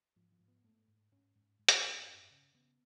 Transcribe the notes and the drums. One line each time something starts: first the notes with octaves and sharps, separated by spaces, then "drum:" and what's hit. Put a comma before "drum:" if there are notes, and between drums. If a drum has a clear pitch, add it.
G#2 F3
F3
G#2
B3
G#2 A3
G#2
G#2 C#4
G#2
G#2
D4, drum: hi-hat
C#4
G#2 D4
F#2 C#4
C#3
C#3 B3